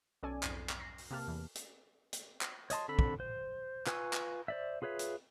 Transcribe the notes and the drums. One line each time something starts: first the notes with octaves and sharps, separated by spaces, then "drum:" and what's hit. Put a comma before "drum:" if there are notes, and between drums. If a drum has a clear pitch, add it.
B1 C#4 A4 D5 G#5
B1 F2 G#2 C7, drum: clap
drum: clap
A#6 C7
drum: open hi-hat
C3 A#3 G4 A5 F6
E2 E3
drum: hi-hat
drum: hi-hat
drum: clap
C#5 D#5 A5 C6, drum: hi-hat
D3 C4 A4 B5 E6
drum: kick
C5
F4 B4 G#5 C#6 E6, drum: clap
drum: clap
C5 D5 E5
F4 G#4 B4 C#5 E5
drum: hi-hat